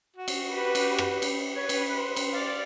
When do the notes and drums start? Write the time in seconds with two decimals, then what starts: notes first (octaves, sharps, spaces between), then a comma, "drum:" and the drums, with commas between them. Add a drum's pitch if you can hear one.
0.16 F#4
0.28 drum: cymbal
0.51 G4 B4
0.75 drum: cymbal
0.98 drum: rim click
1.22 drum: cymbal
1.56 B4 C#5
1.69 drum: cymbal
1.97 C5
2.16 drum: cymbal
2.34 D5 F5